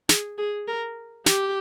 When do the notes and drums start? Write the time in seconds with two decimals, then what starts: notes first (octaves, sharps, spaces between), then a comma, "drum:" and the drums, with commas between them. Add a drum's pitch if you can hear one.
0.09 G#4, drum: snare
0.38 G#4
0.68 A#4
1.26 G4, drum: snare